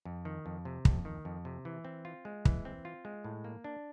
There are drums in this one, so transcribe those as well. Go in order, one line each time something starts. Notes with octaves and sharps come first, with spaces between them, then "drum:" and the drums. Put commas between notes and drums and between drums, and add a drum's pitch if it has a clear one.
F2
D#3
F2
C3
F2, drum: kick
D#3
F2
C3
E3
C4
F4
G#3
E3, drum: kick
C4
F4
G#3
A2
A#3
D4